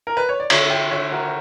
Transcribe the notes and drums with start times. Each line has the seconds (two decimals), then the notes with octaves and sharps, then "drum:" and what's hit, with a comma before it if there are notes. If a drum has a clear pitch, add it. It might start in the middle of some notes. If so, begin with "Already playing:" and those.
0.07 A#4
0.17 B4
0.29 C#5
0.40 D5
0.50 D3 C#5 E5, drum: cymbal
0.70 E5 G5
0.91 D3 C#5 E5
1.12 F#4 A#4